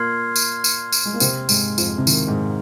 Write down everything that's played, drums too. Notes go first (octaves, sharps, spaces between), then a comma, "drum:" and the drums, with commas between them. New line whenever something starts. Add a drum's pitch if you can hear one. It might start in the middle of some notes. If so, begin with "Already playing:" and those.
Already playing: A#2 A#3 C6 F6 G#6 C7
drum: tambourine
drum: tambourine
drum: tambourine
G#3
A#3
C3 C4, drum: tambourine
G#2 G#3, drum: tambourine
F2 F3, drum: tambourine
C3
D#3, drum: tambourine
G#2 G#3